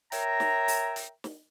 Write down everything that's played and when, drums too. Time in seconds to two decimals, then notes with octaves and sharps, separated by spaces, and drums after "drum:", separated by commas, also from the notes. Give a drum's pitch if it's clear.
0.12 A#4 C#5 E5 G5 A#5, drum: hi-hat
0.40 drum: snare
0.68 drum: open hi-hat
0.96 drum: hi-hat
1.24 drum: snare